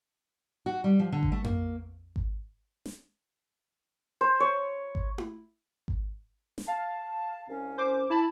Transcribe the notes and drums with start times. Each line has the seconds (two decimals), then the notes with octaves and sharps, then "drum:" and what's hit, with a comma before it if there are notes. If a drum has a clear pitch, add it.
0.66 F#4
0.84 G3
0.99 F3
1.12 D3
1.23 drum: kick G#1
1.32 A3
1.44 A#3, drum: tom F2
2.16 drum: kick G#1
2.86 drum: snare
4.21 C5
4.40 C#5
4.95 drum: kick G#1
5.18 drum: tom E4
5.88 drum: kick G#1
6.58 drum: snare
6.68 F5 A5
7.49 C2 C#4
7.78 C5 D6
8.10 E4 A5 B5